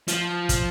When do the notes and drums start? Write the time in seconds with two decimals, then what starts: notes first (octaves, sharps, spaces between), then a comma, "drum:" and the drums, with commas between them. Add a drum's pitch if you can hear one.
0.08 F3, drum: hi-hat
0.49 drum: kick, hi-hat